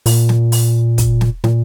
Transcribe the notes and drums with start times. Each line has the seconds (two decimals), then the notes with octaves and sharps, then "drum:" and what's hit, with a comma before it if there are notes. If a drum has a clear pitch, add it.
0.06 A#2, drum: open hi-hat
0.29 drum: snare
0.52 drum: open hi-hat
0.98 drum: kick, hi-hat
1.21 drum: snare
1.44 A#2, drum: snare